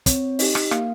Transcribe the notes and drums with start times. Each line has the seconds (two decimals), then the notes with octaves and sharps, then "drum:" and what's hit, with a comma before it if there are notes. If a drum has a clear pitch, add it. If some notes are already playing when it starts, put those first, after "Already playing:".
0.06 C4 C#5, drum: kick, hi-hat
0.39 D#4 G4 D#5, drum: open hi-hat
0.55 drum: rim click
0.71 A#3 F5, drum: rim click